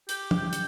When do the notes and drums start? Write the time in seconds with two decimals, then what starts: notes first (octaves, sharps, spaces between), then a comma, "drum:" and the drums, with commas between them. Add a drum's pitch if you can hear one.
0.09 G4, drum: hi-hat
0.31 drum: tom
0.53 drum: hi-hat